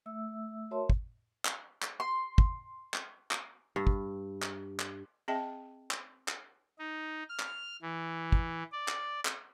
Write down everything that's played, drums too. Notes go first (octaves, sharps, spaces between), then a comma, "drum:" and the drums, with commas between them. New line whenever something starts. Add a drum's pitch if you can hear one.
A3 E5 E6
F#4 A#4 C#5 E5 A5 C6
drum: kick
drum: clap
drum: clap
C6
drum: kick
drum: clap
drum: clap
G2
drum: kick
drum: clap
drum: clap
C4 G#4 D#5 E5 G5 A5
drum: clap
drum: clap
D#4
F6
drum: clap
E3
drum: kick
D5
drum: clap
drum: clap